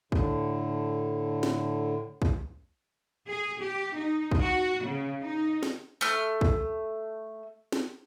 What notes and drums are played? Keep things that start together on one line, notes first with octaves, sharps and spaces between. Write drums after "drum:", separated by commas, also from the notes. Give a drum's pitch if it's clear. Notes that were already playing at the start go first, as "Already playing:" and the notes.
A2 D3, drum: kick
drum: snare
drum: kick
G#4
G4
D#4
drum: kick
F#4
C#3
D#4
drum: snare
A3 F6
drum: kick
drum: snare